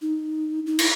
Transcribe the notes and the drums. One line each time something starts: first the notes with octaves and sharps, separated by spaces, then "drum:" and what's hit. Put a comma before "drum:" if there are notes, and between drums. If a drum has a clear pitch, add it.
D#4
D#4
E4, drum: cymbal